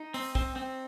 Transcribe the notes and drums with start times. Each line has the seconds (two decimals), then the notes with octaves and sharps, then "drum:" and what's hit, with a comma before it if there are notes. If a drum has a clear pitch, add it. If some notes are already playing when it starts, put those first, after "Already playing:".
Already playing: D#4
0.14 C4, drum: open hi-hat
0.35 C4, drum: kick
0.56 C4